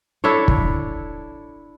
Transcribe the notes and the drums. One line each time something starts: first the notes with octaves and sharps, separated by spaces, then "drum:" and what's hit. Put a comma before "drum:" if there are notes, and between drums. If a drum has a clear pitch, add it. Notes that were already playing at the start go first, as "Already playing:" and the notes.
D4 E4 A4 C#5
drum: kick